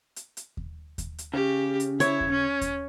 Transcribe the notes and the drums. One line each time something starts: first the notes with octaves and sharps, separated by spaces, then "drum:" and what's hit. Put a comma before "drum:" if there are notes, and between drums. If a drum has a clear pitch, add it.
drum: hi-hat
drum: hi-hat
drum: kick D#2
drum: kick D#2, hi-hat
drum: hi-hat
C#3 G4
drum: hi-hat
E4 C#5, drum: hi-hat
drum: kick D#2
C#4
drum: kick D#2, hi-hat